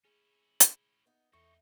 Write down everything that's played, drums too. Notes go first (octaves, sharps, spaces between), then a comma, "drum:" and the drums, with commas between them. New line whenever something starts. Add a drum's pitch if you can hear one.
C#4 E4 G#4
drum: hi-hat
B3 D#4 D#5
E2 C4 D#4 E4 A4 C#6